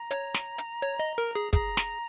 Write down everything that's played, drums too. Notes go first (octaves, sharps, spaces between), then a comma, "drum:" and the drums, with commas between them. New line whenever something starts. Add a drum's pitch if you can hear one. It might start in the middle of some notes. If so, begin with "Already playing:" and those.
Already playing: A#5
C#5, drum: hi-hat
drum: snare
drum: hi-hat
C#5
D#5
A#4
G#4
G#4 A#5, drum: kick, hi-hat
drum: snare